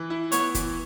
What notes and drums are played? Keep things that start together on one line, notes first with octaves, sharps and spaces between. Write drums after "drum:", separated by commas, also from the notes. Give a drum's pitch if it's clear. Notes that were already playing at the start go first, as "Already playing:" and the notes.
Already playing: E3
E4
B3 C#5, drum: hi-hat
E3, drum: kick F#1, hi-hat